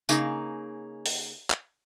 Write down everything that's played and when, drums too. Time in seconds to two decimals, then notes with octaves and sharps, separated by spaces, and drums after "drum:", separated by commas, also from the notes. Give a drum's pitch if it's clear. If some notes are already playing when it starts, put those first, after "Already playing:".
0.09 C#3 A#3 D#4 G#4, drum: tambourine
1.06 drum: open hi-hat
1.50 drum: clap